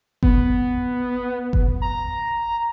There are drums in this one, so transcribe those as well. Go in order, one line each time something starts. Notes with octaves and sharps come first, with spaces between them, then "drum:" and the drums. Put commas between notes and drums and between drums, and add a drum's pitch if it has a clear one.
B3, drum: kick G1
drum: kick G1
A#5